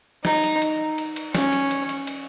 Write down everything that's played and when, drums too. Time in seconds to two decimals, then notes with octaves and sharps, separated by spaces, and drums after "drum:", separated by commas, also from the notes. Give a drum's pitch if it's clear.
0.25 D#4, drum: snare
0.44 drum: cymbal
0.62 drum: cymbal
0.98 drum: cymbal
1.16 drum: cymbal
1.35 C#4, drum: snare
1.53 drum: cymbal
1.71 drum: cymbal
1.89 drum: cymbal
2.07 drum: cymbal